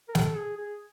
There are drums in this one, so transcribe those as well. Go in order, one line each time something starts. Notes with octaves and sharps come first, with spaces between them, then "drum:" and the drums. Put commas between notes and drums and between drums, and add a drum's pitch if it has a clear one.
A#4
A4, drum: snare
G#4
G#4